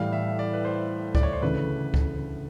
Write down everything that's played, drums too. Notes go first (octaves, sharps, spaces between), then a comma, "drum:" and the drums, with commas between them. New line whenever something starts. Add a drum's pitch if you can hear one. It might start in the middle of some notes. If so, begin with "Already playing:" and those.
Already playing: A2 E3 G3 F5
E5
D5
B4
C5
D5, drum: kick C#2
C#5
C5
D2 C#3 E3 A3 B4
drum: kick C#2